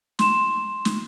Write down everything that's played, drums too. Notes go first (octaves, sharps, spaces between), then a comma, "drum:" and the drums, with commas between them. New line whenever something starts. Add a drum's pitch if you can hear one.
C6 E7, drum: snare
drum: snare